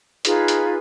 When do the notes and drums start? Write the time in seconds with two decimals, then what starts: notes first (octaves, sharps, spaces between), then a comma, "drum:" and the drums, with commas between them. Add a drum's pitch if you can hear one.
0.25 D#4 F4 G#4 B4, drum: hi-hat
0.48 drum: hi-hat